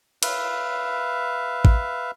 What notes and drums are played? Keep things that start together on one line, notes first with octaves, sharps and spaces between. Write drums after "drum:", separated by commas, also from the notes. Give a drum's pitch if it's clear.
B4 E5 F5, drum: cymbal
drum: kick